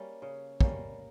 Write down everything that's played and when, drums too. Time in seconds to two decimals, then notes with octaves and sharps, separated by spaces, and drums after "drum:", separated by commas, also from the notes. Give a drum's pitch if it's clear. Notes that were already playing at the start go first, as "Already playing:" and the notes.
Already playing: G3 A#3 C#4
0.22 C#3
0.61 G3 A#3 C#4, drum: kick